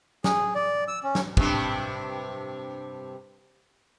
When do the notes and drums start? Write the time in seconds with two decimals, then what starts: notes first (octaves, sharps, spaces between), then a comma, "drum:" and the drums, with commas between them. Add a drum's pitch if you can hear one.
0.24 G#4, drum: snare
0.55 D5
0.88 E6
1.03 C#4
1.15 drum: snare
1.37 G2 C3 D4, drum: kick